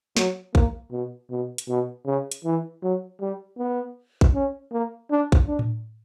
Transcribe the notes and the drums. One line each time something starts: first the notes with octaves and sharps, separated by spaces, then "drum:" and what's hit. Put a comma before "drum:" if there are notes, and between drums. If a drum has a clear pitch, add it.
F#3, drum: snare
A#3, drum: kick A1
B2
B2
drum: hi-hat
B2
C#3
drum: hi-hat
E3
F#3
G3
B3
drum: kick A1
C#4
A#3
D4
drum: kick A1
D4
drum: tom A2